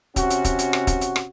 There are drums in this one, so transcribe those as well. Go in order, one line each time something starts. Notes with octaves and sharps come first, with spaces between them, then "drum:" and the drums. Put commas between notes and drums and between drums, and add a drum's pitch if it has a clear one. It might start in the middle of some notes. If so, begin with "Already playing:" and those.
C3 C#4 F#4, drum: kick, hi-hat
drum: hi-hat
drum: kick, hi-hat
drum: hi-hat
drum: rim click
drum: kick, hi-hat
drum: hi-hat
drum: rim click